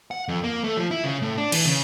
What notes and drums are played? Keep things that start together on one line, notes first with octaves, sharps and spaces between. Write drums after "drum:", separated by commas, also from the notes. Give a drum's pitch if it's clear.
F#5
F2
A#3
A3
F3
E4
C#3
A2
D4
E3, drum: cymbal
C#3